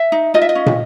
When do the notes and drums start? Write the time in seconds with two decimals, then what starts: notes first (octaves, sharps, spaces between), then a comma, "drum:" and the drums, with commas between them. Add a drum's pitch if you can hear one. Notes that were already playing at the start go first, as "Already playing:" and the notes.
Already playing: E5
0.12 D#4
0.34 F4 D#5
0.42 E5
0.49 D#5
0.55 C#4
0.66 drum: tom